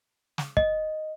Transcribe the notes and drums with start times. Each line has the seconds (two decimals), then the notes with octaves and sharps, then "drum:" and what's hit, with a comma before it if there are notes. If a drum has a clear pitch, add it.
0.38 drum: snare
0.57 D#5, drum: kick